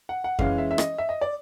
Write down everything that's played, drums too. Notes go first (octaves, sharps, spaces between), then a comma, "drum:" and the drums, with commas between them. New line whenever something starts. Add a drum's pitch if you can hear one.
F#5
F#5
E3 G#3 C#4 F5, drum: kick F2
E5
E5
D#5, drum: rim click
E5
D#5
D5